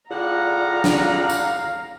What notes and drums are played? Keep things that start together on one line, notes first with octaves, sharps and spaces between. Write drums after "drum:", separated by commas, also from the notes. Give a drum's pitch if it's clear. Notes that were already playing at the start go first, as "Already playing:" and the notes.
A2 D3 F4 G#4 D5 F5 F#5 A#5
drum: snare D4
drum: tambourine